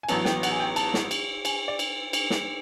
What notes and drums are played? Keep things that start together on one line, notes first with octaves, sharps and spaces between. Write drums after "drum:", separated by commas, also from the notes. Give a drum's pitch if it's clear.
G#5
A1 A2 F#3 B3 A5, drum: cymbal
G5, drum: snare
F#5, drum: cymbal
G#5
G5
A5, drum: cymbal
drum: snare
drum: cymbal
G#5, drum: cymbal
D5
drum: cymbal
drum: cymbal
drum: snare